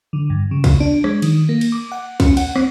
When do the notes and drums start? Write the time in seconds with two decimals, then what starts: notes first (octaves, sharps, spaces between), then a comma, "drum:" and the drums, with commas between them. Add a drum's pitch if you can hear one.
0.13 D3
0.30 G2
0.51 C#3
0.64 drum: kick C2, cymbal
0.80 D4
1.04 G#3, drum: rim click
1.22 D#3, drum: cymbal
1.49 A#3
1.61 drum: cymbal
1.72 D6
1.92 F#5
2.20 C#4, drum: kick C2, cymbal
2.37 F#5, drum: cymbal
2.56 C4, drum: rim click